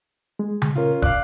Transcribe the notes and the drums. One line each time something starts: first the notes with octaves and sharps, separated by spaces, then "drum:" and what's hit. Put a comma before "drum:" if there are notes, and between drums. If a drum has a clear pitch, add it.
G#3
drum: tom C#3
A#2 C#4 F4 A#4
D5 F5 D6 F#6, drum: kick